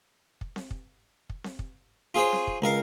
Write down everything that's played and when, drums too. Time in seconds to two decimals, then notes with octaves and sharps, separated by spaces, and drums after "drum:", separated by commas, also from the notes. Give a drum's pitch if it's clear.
0.41 drum: kick
0.56 drum: snare C4
0.71 drum: kick
1.30 drum: kick
1.44 drum: snare C4
1.59 drum: kick
2.14 F4 G#4 C5 C#5
2.33 drum: snare C4
2.47 drum: kick
2.62 C#2 A#4 F5